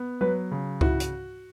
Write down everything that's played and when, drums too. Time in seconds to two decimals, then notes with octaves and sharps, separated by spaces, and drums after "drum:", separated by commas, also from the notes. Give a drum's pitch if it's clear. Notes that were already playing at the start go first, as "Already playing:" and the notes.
Already playing: B3
0.21 F#3 B4
0.51 C#3
0.81 E4 F#4, drum: kick C#2
1.00 drum: hi-hat